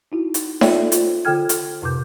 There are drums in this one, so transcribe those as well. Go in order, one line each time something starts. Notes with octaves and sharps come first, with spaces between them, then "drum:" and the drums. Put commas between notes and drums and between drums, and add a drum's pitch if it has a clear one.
D#4 E4 F#4
drum: hi-hat
F4 A4 C#5 D5 E5 G5, drum: snare D#4
F4 C5, drum: hi-hat
D3 F4 A4 G5 F6 G#6
drum: hi-hat
F2 A2 C3 B4 D6 G6